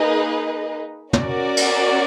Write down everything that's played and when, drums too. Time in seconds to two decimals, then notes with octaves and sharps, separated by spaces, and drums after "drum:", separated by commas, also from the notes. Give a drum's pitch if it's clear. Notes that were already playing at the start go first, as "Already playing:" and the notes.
Already playing: A#3 D#4 G#4 B4 D#5
1.13 C#4 F#4 A#4 D5, drum: tom
1.57 drum: cymbal